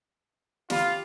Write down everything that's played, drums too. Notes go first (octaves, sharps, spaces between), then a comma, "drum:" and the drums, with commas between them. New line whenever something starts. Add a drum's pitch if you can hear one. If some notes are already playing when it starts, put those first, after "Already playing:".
F4 G4 B5, drum: snare